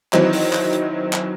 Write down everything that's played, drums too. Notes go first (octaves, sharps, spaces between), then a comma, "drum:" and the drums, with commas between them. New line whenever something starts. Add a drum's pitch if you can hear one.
D#3 E3 F#3 C4 D#4, drum: clap
drum: open hi-hat
drum: clap
drum: hi-hat
drum: clap